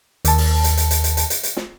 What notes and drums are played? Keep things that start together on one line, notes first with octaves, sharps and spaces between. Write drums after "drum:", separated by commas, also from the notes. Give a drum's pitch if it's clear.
D#2 A5, drum: hi-hat
drum: open hi-hat
drum: hi-hat
drum: hi-hat
drum: hi-hat
drum: hi-hat
drum: hi-hat
drum: hi-hat
drum: hi-hat
drum: snare